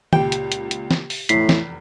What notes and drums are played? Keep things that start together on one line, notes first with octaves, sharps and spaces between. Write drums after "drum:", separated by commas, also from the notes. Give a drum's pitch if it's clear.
C#2 A#2 G4 G5, drum: tom
drum: hi-hat
drum: hi-hat
drum: hi-hat
drum: snare
drum: open hi-hat
F1 E2 A2 B6 C7, drum: hi-hat
drum: snare